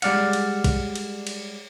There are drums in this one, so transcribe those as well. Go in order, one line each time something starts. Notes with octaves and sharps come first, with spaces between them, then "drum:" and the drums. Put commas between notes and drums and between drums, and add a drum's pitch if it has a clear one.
G3 G#3 D5 F5 F#5, drum: cymbal
drum: cymbal
drum: kick, cymbal
drum: cymbal
drum: cymbal